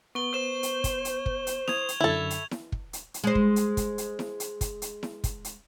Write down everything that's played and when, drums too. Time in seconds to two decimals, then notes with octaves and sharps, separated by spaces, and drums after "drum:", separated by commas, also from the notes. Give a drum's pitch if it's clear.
0.15 B3 B4 C#6 G7
0.34 C5 E7
0.63 drum: hi-hat
0.84 drum: kick, hi-hat
1.05 drum: hi-hat
1.26 drum: kick
1.47 drum: hi-hat
1.68 D#6 G#6 F7, drum: snare E4
1.89 drum: hi-hat
2.00 F#2 D3 E4 A4
2.30 drum: hi-hat
2.51 drum: snare E4
2.72 drum: kick
2.93 drum: hi-hat
3.14 drum: hi-hat
3.24 G#3 C5
3.35 drum: kick
3.56 drum: hi-hat
3.77 drum: kick, hi-hat
3.98 drum: hi-hat
4.19 drum: snare E4
4.40 drum: hi-hat
4.61 drum: kick, hi-hat
4.82 drum: hi-hat
5.03 drum: snare E4
5.24 drum: kick, hi-hat
5.45 drum: hi-hat